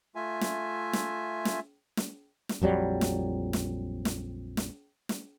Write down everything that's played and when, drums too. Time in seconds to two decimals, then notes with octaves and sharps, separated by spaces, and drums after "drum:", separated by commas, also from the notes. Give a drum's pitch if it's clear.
0.15 A3 F4 E5 G#5
0.41 drum: snare
0.93 drum: snare
1.45 drum: snare
1.97 drum: snare
2.49 drum: snare
2.62 A#1 F2 F#3 G3
3.01 drum: snare
3.53 drum: snare
4.05 drum: snare
4.57 drum: snare
5.09 drum: snare